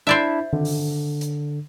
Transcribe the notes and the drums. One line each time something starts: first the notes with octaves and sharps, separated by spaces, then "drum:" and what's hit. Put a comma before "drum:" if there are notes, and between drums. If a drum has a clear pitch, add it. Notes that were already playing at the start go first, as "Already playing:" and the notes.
D4 E4 C5 D5 E5
D3, drum: tom D#3
drum: open hi-hat
drum: hi-hat